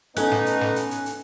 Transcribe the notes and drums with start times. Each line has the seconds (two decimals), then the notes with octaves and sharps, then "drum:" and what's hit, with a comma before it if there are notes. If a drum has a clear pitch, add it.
0.17 A3 B3 C#4 D#4 A4 G#5 F#6, drum: hi-hat
0.31 drum: snare
0.46 drum: hi-hat
0.61 drum: snare
0.76 drum: hi-hat
0.91 drum: hi-hat
1.06 drum: hi-hat